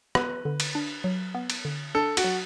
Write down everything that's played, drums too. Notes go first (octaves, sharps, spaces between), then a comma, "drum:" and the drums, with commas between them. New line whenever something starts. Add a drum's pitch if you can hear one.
B3 B4, drum: rim click
D3
drum: cymbal
D4
F#3
B3
drum: cymbal
D3
D4 A4
F#4, drum: cymbal
F#3